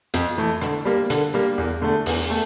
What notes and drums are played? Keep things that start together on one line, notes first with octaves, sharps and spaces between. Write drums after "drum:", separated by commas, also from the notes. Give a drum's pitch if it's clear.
F2, drum: hi-hat
E3 A3
D3, drum: rim click
G3 A#3
D3, drum: hi-hat
G3 A#3
E2
D3 A3
E2, drum: open hi-hat
A3